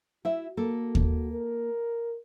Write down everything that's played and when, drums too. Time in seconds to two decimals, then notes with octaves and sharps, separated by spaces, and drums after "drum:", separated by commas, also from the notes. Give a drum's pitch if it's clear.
0.25 E4 F#4 E5
0.57 A#3 A4
0.95 drum: kick D#2
1.32 A#4